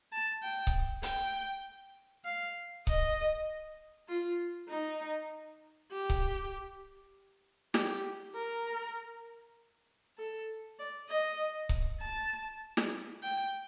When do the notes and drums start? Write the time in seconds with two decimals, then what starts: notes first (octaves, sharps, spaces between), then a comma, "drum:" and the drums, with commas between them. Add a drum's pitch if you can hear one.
0.12 A5
0.42 G5
0.67 drum: kick C#1
1.03 G5, drum: hi-hat
2.25 F5
2.87 D#5, drum: kick C#1
4.08 F4
4.69 D#4
5.92 G4
6.10 drum: kick C#1
7.74 G4, drum: snare
8.35 A#4
10.18 A4
10.79 D5
11.09 D#5
11.69 drum: kick C#1
12.00 A5
12.77 drum: snare
13.23 G5